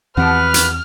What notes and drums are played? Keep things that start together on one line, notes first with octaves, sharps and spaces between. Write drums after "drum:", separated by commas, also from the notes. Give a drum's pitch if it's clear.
E2 E3 F3 C4 G4 B4 F#5 F6
drum: hi-hat